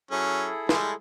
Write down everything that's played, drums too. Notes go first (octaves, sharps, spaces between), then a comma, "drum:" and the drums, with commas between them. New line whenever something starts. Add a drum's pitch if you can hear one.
F#3 C#4 E4 G#4 A4
G3 G#3, drum: snare